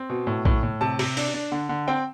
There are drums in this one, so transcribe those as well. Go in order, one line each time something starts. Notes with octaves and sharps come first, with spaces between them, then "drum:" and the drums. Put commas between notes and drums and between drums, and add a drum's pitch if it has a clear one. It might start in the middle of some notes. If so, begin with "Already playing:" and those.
Already playing: C4
B2
A2
A2, drum: kick A#1
A2
C3 A5
C3, drum: open hi-hat
D4, drum: open hi-hat
D4
D3
D3
C4 G5